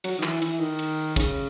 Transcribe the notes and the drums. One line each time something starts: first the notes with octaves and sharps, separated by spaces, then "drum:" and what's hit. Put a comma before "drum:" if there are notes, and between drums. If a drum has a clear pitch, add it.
F#3, drum: cymbal
D#3
E3, drum: clap
E3, drum: cymbal
D#3
drum: cymbal
C#3, drum: kick, cymbal